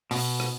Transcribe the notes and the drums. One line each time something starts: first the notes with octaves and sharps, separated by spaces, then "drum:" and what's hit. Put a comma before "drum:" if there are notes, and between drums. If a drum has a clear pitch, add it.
B2, drum: open hi-hat
drum: rim click